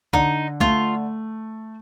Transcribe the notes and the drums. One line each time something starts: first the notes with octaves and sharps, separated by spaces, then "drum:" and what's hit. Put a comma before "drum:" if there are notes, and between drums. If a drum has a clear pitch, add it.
D3 D#4, drum: kick B1
A3 F4, drum: kick B1